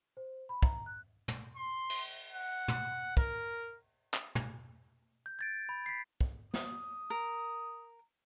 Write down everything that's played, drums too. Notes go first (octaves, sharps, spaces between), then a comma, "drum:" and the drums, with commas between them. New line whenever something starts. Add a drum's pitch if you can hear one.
C5
B5
A#5, drum: kick
F#6
drum: tom
C6
drum: cymbal
F#5
drum: tom
A#4, drum: kick
drum: clap
drum: tom
G6
G#6 A6 D7
B5
B6 C7
drum: kick
D#6, drum: snare
A#4